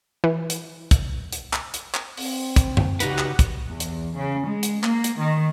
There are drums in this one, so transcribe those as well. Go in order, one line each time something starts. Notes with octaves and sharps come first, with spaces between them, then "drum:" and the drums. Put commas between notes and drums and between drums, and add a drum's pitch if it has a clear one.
E3
drum: hi-hat
drum: kick, hi-hat
drum: hi-hat
drum: clap
drum: hi-hat
drum: clap
C4, drum: open hi-hat
drum: kick, hi-hat
drum: tom F#2
C#3 D#4 F#4 G4 B4 F#5, drum: hi-hat
drum: clap
drum: kick, hi-hat
E2
drum: hi-hat
C#3
G#3
drum: hi-hat
A#3, drum: clap
drum: hi-hat
D#3